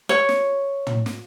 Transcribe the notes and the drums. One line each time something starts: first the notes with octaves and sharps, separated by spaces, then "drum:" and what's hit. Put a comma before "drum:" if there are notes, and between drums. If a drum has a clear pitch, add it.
C#5
drum: snare
drum: tom
drum: snare